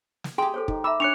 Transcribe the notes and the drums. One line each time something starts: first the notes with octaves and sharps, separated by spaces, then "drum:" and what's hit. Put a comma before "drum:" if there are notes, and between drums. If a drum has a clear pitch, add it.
drum: snare
G4 G#4 G5 A#5 C6
A4 C5 C#5
D#4, drum: kick
E5 A#5 B5 D6 E6
D4 C#5 C#6 F#6 C#7 F7